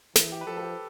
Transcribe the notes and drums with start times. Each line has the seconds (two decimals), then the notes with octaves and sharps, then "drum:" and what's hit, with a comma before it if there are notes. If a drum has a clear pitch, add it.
0.16 E3, drum: snare
0.32 G4
0.41 B4
0.47 F3 A4
0.57 A4
0.63 G4